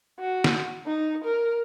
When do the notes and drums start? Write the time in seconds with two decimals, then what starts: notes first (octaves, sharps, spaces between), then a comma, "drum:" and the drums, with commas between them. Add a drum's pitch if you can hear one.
0.20 F#4
0.44 drum: snare
0.86 D#4
1.24 A#4